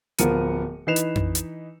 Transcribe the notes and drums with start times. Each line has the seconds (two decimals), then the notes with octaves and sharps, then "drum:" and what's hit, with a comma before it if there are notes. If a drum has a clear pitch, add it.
0.18 D1 F3 B3 A#4 C#7 D#7, drum: hi-hat
0.87 E3 D#4 B4 C7 E7 F7
0.96 drum: hi-hat
1.15 drum: tom F2
1.35 drum: hi-hat